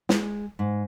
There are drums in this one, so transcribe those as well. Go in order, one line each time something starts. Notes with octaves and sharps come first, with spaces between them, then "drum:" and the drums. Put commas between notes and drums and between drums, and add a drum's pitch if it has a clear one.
G#3, drum: snare
G#2